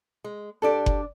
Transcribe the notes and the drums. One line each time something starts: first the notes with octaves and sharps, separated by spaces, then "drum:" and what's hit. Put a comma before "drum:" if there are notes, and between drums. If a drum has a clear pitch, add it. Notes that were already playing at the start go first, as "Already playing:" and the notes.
G#3
G2 D4 G4 A4 D5
drum: kick F#1